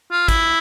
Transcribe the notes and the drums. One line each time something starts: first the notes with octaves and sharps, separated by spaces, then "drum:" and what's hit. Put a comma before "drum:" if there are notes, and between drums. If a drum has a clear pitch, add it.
F4
E4, drum: kick, cymbal